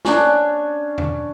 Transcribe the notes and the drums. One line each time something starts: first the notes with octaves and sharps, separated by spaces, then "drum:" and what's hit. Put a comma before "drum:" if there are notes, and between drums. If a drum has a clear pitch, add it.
C#4 D4, drum: snare
drum: tom E2